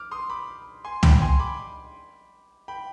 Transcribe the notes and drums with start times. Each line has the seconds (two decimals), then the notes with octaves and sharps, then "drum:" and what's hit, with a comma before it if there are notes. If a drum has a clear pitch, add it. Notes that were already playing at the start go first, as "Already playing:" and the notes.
Already playing: D6 F6
0.11 C6 D#6
0.30 B5 D6
0.85 G#5 C6
1.03 G5 B5, drum: tom C#2
1.22 G#5 C6
1.39 B5 D6
2.68 G5 B5